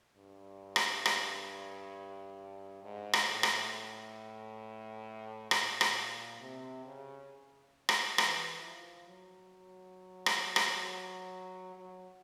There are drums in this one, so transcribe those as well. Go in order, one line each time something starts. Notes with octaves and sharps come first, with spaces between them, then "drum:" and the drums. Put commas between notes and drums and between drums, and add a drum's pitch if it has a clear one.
G2
drum: rim click
drum: rim click
G#2
drum: rim click
A2
drum: rim click
A#2, drum: rim click
drum: rim click
C3
C#3
drum: rim click
E3, drum: rim click
F3
F#3
drum: rim click
drum: rim click
F#3